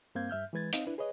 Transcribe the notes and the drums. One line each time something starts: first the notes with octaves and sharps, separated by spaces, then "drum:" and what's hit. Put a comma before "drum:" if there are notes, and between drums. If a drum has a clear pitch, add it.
G2 A#3 C4 F5 G6 G#6
G2 E5 F6 G6
E3 G#3 B4 G#6 A6
C4 D#4 D#5 F5, drum: hi-hat
D4 E4 B4
G#4 B4 C#5 D#5